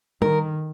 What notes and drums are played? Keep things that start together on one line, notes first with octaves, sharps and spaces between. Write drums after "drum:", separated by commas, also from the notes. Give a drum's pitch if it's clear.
D#3 A#4, drum: tom